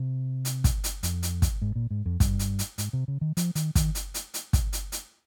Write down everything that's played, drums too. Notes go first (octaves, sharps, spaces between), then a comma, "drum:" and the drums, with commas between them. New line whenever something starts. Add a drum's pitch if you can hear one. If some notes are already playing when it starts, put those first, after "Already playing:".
Already playing: C3
drum: hi-hat
drum: kick, hi-hat
drum: hi-hat
F2, drum: hi-hat
drum: hi-hat
drum: kick, hi-hat
G#2
A#2
G#2
F2
G2, drum: kick, hi-hat
drum: hi-hat
drum: hi-hat
G#2, drum: hi-hat
C3
C#3
D#3
F3, drum: hi-hat
D#3, drum: hi-hat
D#3, drum: kick, hi-hat
drum: hi-hat
drum: hi-hat
drum: hi-hat
drum: kick, hi-hat
drum: hi-hat
drum: hi-hat